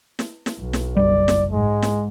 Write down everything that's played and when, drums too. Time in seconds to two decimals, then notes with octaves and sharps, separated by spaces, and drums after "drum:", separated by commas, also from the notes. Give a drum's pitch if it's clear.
0.19 drum: snare
0.46 drum: snare
0.60 B1
0.73 drum: snare
0.97 F#1 G3 D5
1.28 drum: snare
1.52 G#2 G#3
1.82 drum: snare